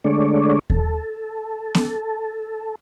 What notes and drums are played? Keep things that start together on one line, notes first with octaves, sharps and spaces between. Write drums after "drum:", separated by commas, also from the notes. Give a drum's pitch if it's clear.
D3 G#3 A3 D4 C#5 D5
A4, drum: kick D#2
drum: snare B3